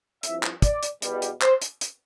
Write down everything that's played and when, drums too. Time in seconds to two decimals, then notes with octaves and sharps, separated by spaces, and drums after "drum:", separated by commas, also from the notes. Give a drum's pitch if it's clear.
0.23 G2 F3 C4 E4 E5, drum: hi-hat
0.43 drum: clap
0.62 D5, drum: kick, hi-hat
0.83 drum: hi-hat
1.02 E2 B2 G3, drum: hi-hat
1.22 drum: hi-hat
1.42 C5, drum: clap
1.62 drum: hi-hat
1.81 drum: hi-hat